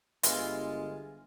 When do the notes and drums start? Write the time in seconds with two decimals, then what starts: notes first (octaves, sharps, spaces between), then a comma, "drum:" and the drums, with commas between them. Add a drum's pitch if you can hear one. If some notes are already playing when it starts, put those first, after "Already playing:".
0.23 G1 E3 G#3 F4, drum: hi-hat